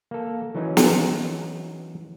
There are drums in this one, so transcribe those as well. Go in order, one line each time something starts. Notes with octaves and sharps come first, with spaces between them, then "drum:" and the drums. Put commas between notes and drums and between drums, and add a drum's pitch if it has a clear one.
A#3 A4
E3 F#3 C#4 D#4
drum: snare